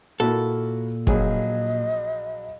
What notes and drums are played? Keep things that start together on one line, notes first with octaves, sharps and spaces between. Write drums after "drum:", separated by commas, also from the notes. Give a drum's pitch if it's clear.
A#2 A#3 E4 F#4 A4
A#1 F#3 G#4 D#5, drum: kick